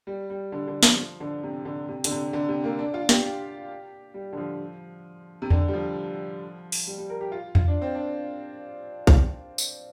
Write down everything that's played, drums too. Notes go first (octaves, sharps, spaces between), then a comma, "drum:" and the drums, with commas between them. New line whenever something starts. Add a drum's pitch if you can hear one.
G3
G3
D3
D3
F3, drum: snare
F3
D3
C3
D3
C3
D3, drum: hi-hat
C3
D3
C3
A#3
D4
F4
G4, drum: snare
G4
G3
D3
F3
C3
D3, drum: tom E2
G3
F3
drum: open hi-hat
G3
G3
A#4
G4
F4
F4, drum: tom E2
D4
C4
D4
drum: kick
drum: tambourine